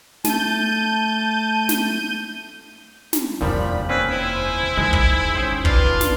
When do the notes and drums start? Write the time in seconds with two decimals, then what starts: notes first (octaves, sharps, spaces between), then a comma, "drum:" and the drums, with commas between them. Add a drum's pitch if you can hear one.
0.24 A3 A5 G6 D#7, drum: snare
1.69 drum: snare
3.13 drum: snare
3.41 F1 D#2 A#2 F3 G3 B5
3.90 C4 C#4 G#4 B4
4.11 E4 C5 G#5
4.77 D#3 G#3
4.93 drum: kick
5.35 C#4 G#4 C5 G5
5.65 F4 B4 D5 A5, drum: kick
6.01 drum: snare